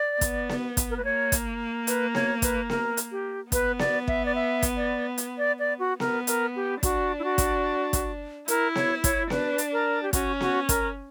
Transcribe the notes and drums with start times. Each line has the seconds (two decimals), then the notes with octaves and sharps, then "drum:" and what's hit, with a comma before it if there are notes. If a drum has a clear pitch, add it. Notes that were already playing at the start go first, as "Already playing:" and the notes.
Already playing: D5
0.21 B3, drum: kick, hi-hat
0.49 drum: snare B3
0.77 drum: kick, hi-hat
0.90 A#4
0.97 B4
1.04 A#3 C#5
1.32 drum: kick, hi-hat
1.87 B4, drum: hi-hat
2.15 C#5, drum: snare B3
2.42 B4, drum: kick, hi-hat
2.70 A#4, drum: snare B3
2.97 drum: hi-hat
3.11 G4
3.52 B3 B4, drum: kick, hi-hat
3.79 D5, drum: snare B3
4.08 E5, drum: kick
4.26 D5
4.35 E5
4.63 drum: kick, hi-hat
4.77 D5
5.18 drum: hi-hat
5.38 D5
5.59 D5
5.79 F#4
6.00 B3 A#4, drum: snare B3
6.27 A#4, drum: hi-hat
6.56 G4
6.83 D4 F#4, drum: kick, hi-hat
7.19 E4
7.24 F#4
7.38 drum: kick, hi-hat
7.93 drum: kick, hi-hat
8.48 E4 A#4, drum: hi-hat
8.75 C#5, drum: snare B3
9.04 C#5, drum: kick, hi-hat
9.30 D4 B4, drum: snare B3
9.58 drum: hi-hat
9.73 A#4
10.03 G4
10.13 C#4 F#4, drum: kick, hi-hat
10.41 F#4, drum: snare B3
10.69 A#4, drum: kick, hi-hat